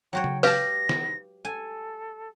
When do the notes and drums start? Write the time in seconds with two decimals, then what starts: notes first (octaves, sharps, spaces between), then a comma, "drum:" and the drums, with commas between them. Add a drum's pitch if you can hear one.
0.13 F#3 F#4 C#5 G5
0.24 drum: tom C#3
0.43 G4 B4 F5 A5 A#6, drum: open hi-hat
0.89 drum: snare
1.45 A4 G#5